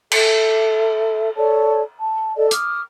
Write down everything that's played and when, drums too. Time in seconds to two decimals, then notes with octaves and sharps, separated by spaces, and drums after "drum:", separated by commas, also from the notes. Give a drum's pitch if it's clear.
0.12 A4 E5, drum: cymbal
1.36 A4 C#5 D5 A5
1.98 A5
2.35 A4 D5 D#5
2.51 D6 D#6 F6, drum: hi-hat